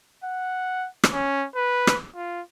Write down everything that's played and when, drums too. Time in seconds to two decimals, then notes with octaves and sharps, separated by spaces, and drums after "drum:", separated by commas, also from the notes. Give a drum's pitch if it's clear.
0.24 F#5
1.04 drum: rim click
1.13 C#4
1.56 B4
1.87 drum: rim click
2.15 F4